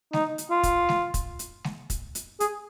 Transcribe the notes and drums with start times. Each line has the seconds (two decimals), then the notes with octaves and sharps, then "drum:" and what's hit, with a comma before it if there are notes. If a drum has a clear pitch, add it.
0.13 D#4, drum: snare G#3
0.38 drum: hi-hat
0.51 F4
0.63 drum: kick, hi-hat
0.89 drum: snare G#3
1.14 drum: kick, hi-hat
1.39 drum: hi-hat
1.64 drum: snare G#3
1.90 drum: kick, hi-hat
2.15 drum: hi-hat
2.40 G#4, drum: hi-hat